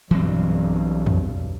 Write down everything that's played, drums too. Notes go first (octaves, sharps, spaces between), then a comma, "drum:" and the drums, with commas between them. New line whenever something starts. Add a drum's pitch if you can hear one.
B1 G2 E3 F#3 C4
drum: tom E2